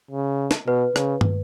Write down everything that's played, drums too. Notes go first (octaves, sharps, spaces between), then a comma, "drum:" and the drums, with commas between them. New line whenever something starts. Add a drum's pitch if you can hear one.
C#3
drum: snare
B2 B4
C#3, drum: rim click
drum: tom